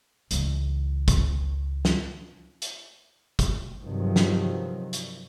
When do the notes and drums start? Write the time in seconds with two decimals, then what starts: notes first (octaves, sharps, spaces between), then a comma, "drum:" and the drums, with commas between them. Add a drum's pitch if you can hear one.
0.31 C#2 E3, drum: hi-hat
1.08 drum: kick, hi-hat
1.85 drum: snare
2.62 drum: hi-hat
3.39 drum: kick, hi-hat
3.82 G2 C3 D#3 F3 F#3
4.16 drum: snare
4.93 drum: hi-hat